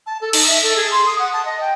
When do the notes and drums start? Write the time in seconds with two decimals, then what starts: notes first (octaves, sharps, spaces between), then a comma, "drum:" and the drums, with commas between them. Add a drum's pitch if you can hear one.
0.07 A5
0.21 A4
0.33 D#4, drum: cymbal
0.47 E5
0.63 A4
0.76 G#4
0.91 C6
1.06 D#6
1.19 F#5
1.33 A5
1.45 D#5
1.61 G5